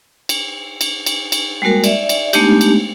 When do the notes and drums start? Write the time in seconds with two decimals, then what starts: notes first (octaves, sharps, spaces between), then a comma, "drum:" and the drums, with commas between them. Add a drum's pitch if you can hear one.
0.29 drum: cymbal
0.81 drum: cymbal
1.06 drum: cymbal
1.32 drum: cymbal
1.62 G3 G#3 A#3 F#4 A#4
1.84 D5 E5, drum: cymbal
2.09 drum: cymbal
2.33 G#3 A3 B3 D4 D#4 G4, drum: cymbal
2.61 drum: cymbal